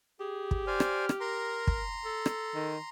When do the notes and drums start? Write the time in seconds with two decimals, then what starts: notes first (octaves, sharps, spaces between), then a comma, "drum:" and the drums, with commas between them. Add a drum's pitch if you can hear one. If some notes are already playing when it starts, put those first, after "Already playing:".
0.20 G4 G#4
0.51 drum: kick
0.67 C5 D5 G#5 F6
0.80 drum: rim click
1.09 drum: rim click
1.21 A#4 A#5 C6
1.67 drum: kick
2.05 A4
2.26 drum: rim click
2.55 D#3